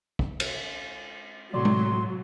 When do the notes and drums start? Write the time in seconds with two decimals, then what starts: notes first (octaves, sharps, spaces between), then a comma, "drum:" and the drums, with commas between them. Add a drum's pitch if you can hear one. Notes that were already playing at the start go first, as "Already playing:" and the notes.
0.19 drum: kick
0.40 drum: cymbal
1.54 A2 C3 F#3 A3 D5 C6
1.65 drum: tom G#3